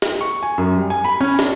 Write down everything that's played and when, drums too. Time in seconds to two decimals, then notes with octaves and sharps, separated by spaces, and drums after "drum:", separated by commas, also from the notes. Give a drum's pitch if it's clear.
0.02 drum: snare
0.21 C#6
0.43 G#5
0.58 F#2
0.77 G3
0.90 G#5
1.04 B5
1.21 C#4
1.39 D4, drum: snare